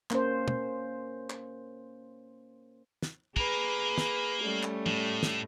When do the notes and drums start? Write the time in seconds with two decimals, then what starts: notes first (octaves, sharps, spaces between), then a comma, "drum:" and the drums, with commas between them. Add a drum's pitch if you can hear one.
0.11 A#3 C#4 C5, drum: clap
0.48 drum: tom
1.30 drum: clap
3.02 drum: snare
3.37 A#3 G#4 A#4 B4, drum: kick
3.98 drum: snare
4.42 G3 A3 C#4
4.63 drum: clap
4.86 A2, drum: tom
5.23 drum: snare